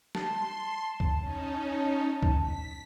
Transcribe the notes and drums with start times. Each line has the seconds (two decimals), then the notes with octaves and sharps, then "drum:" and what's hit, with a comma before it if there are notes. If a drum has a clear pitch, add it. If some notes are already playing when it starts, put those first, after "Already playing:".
0.15 A5 C6, drum: snare
1.00 drum: kick C#2
1.19 C#4 D#4
2.23 drum: kick C#2
2.41 B6